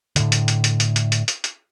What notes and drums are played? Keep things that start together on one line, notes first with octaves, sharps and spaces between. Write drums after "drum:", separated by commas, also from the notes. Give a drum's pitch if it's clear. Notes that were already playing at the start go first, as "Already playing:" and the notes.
A2 D3, drum: hi-hat
drum: hi-hat
drum: hi-hat
drum: hi-hat
drum: hi-hat
drum: hi-hat
drum: hi-hat
drum: hi-hat
drum: hi-hat